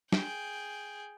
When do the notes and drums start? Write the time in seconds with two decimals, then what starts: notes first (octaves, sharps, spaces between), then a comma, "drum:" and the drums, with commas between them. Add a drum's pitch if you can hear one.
0.12 G#4 G5, drum: snare